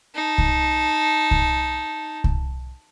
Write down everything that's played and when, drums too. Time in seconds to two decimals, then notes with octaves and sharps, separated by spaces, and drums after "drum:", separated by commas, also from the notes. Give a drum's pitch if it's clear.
0.15 D#4 A5
0.38 drum: kick C2
1.31 drum: kick C2
2.24 drum: kick C2